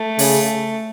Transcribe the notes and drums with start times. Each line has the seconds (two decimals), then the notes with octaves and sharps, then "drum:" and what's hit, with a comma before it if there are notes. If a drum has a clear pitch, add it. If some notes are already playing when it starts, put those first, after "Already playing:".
Already playing: A3
0.19 C#3, drum: open hi-hat